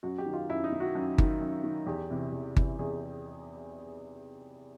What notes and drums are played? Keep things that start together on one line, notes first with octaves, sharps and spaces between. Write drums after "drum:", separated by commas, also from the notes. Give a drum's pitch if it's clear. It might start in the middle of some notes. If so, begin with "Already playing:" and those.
F#2 F#4
G4
D#3
F4
F#2 E4
D#4
D#3
F#4
F#2
D#3, drum: kick G1
F#2
D#3
E2 G4
C3 E3
E2
C3 E3, drum: kick G1
E2 G#4